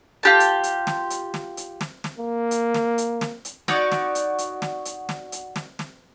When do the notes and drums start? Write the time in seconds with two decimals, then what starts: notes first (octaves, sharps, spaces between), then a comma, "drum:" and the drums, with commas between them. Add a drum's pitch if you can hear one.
0.23 F4 G4 A5
0.40 drum: hi-hat
0.63 drum: hi-hat
0.87 drum: snare
1.10 drum: hi-hat
1.34 drum: snare
1.57 drum: hi-hat
1.81 drum: snare
2.04 drum: snare
2.19 A#3
2.51 drum: hi-hat
2.74 drum: snare
2.98 drum: hi-hat
3.21 drum: snare
3.45 drum: hi-hat
3.68 D#4 F#4 C#5 D5, drum: snare
3.92 drum: snare
4.15 drum: hi-hat
4.38 drum: hi-hat
4.62 drum: snare
4.85 drum: hi-hat
5.09 drum: snare
5.32 drum: hi-hat
5.56 drum: snare
5.79 drum: snare